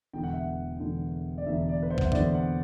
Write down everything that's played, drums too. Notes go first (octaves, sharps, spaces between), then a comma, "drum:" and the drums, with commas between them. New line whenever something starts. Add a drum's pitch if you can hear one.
E1 E2 D3 G5
F#5
E5
F#5
E1 E2 D3
D5
E1 E2 D3 E5
D5
B4
C5
F#5, drum: kick
E5
E1 E2 D3 D5, drum: kick
F#5